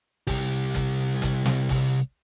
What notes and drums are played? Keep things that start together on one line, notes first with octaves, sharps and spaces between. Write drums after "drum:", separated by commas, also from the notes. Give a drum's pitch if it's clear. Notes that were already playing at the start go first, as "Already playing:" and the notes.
C2 G4, drum: kick, open hi-hat
drum: kick, hi-hat
drum: kick, hi-hat
drum: snare
drum: kick, open hi-hat